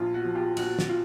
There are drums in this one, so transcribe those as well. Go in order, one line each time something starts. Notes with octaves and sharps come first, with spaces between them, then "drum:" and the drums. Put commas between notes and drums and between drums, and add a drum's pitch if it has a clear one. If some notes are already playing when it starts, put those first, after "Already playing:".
Already playing: A#1 F4
F#4
F3
F4 G4
A#1 F#4, drum: cymbal
drum: snare
F4